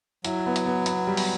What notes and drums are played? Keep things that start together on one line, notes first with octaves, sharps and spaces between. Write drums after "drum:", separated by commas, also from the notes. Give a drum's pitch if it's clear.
F#3 E4, drum: hi-hat
B3
drum: hi-hat
B3
B3, drum: hi-hat
G3
drum: open hi-hat